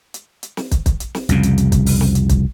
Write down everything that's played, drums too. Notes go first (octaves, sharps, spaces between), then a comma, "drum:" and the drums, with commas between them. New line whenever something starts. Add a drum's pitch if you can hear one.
drum: hi-hat
drum: hi-hat
drum: snare
drum: kick, hi-hat
drum: kick, hi-hat
drum: hi-hat
drum: snare
C2 F2 C#3, drum: hi-hat
drum: hi-hat
drum: hi-hat
drum: kick, hi-hat
drum: open hi-hat
drum: snare
drum: hi-hat
drum: kick, hi-hat